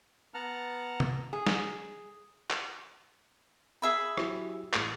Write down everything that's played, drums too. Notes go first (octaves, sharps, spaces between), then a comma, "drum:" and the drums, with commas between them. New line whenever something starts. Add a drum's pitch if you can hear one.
B3 F#5 A5 A#5 F6
drum: tom
G#4
drum: snare
drum: clap
G#4 E5 B5
F#3 E4 G4, drum: rim click
A1 G#4, drum: clap